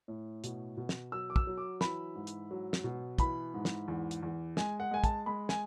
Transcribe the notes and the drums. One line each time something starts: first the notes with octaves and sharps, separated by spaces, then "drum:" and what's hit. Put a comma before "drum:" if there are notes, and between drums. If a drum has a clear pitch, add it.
A2
B2, drum: hi-hat
B2
drum: snare
F#3 E6
D6
E6, drum: kick
F#3
D6
E3 B5, drum: snare
G#2
drum: hi-hat
F#3
drum: snare
B2
E3 B5, drum: kick, hi-hat
G#2
drum: snare
E2
drum: hi-hat
E2
G#3 G#5, drum: snare
F#5
G#3 G#5
A5, drum: kick, hi-hat
G#3 B5
G#5, drum: snare